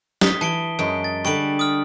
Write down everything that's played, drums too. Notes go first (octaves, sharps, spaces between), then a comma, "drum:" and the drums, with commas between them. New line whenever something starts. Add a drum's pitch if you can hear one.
D#6 B6 G7, drum: snare
E3 A5 D7 G7
F#2 G#3 D7
A6
D3 G3 C#6 D7 F#7
D#6 F6